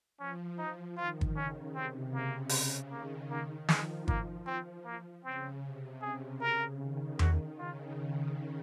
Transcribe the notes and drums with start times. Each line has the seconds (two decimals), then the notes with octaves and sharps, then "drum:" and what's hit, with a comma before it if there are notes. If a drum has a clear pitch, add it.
0.19 F3 C#4
0.58 D#4
0.97 D#3 F4
1.21 drum: kick
1.36 C#3 C#4
1.75 C3 C4
2.13 C#3 A#3
2.49 drum: open hi-hat
2.91 D#3 A#3
3.30 A#3
3.69 F3 G#3, drum: snare
4.08 A#3, drum: kick
4.46 C4
4.85 A#3
5.24 C#3 C4
5.63 C3
6.02 C#3 G#4
6.41 A#4
6.81 D#3
7.19 D#3 F#4, drum: tom E2
7.58 C#3 F4